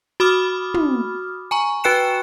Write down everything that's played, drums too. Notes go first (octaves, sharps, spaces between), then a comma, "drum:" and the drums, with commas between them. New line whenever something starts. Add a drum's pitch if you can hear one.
F#4 B5 D6 D#6 F6
drum: tom
G#5 A#5 C#6
F#4 B4 G5 F#6 C#7 E7